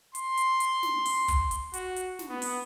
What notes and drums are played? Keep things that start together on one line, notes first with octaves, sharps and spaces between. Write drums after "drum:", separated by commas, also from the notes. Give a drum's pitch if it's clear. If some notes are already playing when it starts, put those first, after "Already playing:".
C6, drum: hi-hat
drum: hi-hat
drum: hi-hat
drum: snare
drum: open hi-hat
drum: kick, hi-hat
drum: hi-hat
F#4, drum: hi-hat
drum: hi-hat
drum: snare
B3
drum: open hi-hat